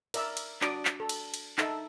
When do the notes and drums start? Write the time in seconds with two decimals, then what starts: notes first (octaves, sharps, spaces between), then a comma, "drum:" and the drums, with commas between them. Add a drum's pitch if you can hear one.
0.14 A#4 D5 E5 A#5 E6, drum: cymbal
0.37 drum: cymbal
0.61 D4 F#4 D5 D6 D#6, drum: clap
0.85 drum: clap
1.00 A4
1.09 drum: cymbal
1.34 drum: cymbal
1.58 D#4 A4 E5 A5, drum: clap